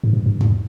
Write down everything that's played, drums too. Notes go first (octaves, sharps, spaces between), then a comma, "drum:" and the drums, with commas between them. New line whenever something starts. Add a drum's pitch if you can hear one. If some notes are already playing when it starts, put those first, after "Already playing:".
G#2
G2
G2
G#2, drum: tom E2